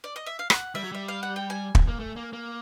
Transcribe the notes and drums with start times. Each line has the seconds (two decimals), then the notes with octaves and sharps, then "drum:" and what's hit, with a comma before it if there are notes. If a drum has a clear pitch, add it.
0.04 D5
0.16 D#5
0.26 E5
0.39 F5
0.50 F#5, drum: rim click
0.75 G3 E5
0.83 F#3
0.92 G3 E5
1.08 F5
1.23 F#5
1.36 G5
1.50 G#5
1.75 drum: kick
1.88 A#3
2.00 A3
2.16 A#3
2.33 A#3